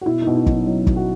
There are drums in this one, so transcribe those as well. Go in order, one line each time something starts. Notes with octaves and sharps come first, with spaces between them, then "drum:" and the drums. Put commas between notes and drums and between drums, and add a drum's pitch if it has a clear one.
F#4
B2 E4
D#4
B2
E4
F#3 D#4, drum: kick
F#3 E4
B2, drum: kick
F#4